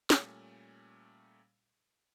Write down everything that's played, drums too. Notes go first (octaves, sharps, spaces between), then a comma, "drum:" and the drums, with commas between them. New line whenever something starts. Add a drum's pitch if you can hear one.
A#2 G3 A3 C#4, drum: snare